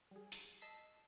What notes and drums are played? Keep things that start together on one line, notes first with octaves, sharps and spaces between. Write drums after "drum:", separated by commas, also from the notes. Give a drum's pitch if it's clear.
G3 G#4
drum: hi-hat
D#5 A5 E6 B6 C7